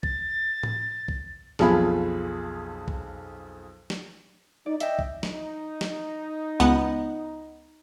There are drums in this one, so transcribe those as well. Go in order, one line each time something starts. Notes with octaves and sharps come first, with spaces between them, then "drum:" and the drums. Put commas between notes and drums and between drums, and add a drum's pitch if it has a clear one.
A6, drum: kick
drum: tom A2
drum: kick
B1 F2 F4 G#4 B5, drum: snare
drum: kick
drum: snare
D#4 D5
D#5 E5 G5, drum: hi-hat
drum: kick
D#4, drum: snare
drum: snare
C#2 B3 F#5